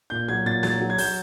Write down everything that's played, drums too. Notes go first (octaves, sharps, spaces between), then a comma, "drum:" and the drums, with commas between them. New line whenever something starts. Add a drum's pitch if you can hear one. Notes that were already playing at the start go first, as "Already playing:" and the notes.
A#2 G6
F#3 G#6
A#2 A6
F#3 A6, drum: snare
F#3
G#6
F#3 G6, drum: open hi-hat